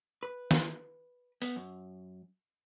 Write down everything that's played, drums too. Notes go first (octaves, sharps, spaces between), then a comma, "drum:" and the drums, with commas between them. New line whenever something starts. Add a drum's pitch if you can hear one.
B4
drum: snare
B3, drum: open hi-hat
F#2